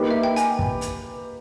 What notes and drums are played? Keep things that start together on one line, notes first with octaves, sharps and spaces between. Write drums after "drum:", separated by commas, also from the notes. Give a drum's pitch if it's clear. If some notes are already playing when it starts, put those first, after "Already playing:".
Already playing: A#3 D#4 G4 B4
E5
G5
G#5, drum: hi-hat
drum: kick
drum: hi-hat